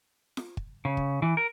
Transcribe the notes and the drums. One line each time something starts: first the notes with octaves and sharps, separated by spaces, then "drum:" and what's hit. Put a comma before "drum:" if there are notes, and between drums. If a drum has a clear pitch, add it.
drum: snare F4
drum: kick
C#3
drum: kick
E3
A#4